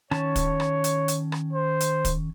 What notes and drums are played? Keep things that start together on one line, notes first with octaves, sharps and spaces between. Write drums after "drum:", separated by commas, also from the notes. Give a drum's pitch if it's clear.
D#3 C#4 C#5 A5, drum: rim click
drum: kick, hi-hat
drum: rim click
drum: hi-hat
drum: hi-hat
drum: rim click
C5
drum: hi-hat
drum: kick, hi-hat